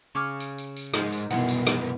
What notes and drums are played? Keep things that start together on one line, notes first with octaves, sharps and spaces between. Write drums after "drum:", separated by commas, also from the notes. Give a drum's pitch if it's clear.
C#3 C#4 C#5 C#6 D6 F6
drum: tambourine
drum: tambourine
drum: tambourine
D2 G#2 D#4 A#4 C5, drum: rim click
drum: tambourine
C2 F#2 B2 E3 B3 F#5, drum: tambourine
drum: tambourine
drum: rim click